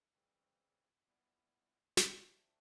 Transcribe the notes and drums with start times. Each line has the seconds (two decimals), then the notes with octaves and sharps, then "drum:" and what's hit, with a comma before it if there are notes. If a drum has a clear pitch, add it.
0.13 F2 C#3 E3 G3 C4
1.05 A#2 G3 B3 E4
1.97 D3 F3 A3 D4 G4, drum: snare